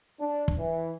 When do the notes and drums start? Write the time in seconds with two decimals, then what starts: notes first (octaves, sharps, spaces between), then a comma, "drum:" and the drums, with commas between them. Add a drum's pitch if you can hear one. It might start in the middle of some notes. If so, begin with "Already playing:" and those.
0.19 D4
0.48 drum: kick
0.59 E3